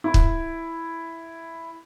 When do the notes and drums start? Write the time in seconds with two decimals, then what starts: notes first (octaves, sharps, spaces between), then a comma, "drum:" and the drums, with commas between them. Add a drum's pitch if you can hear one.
0.04 E4
0.14 drum: kick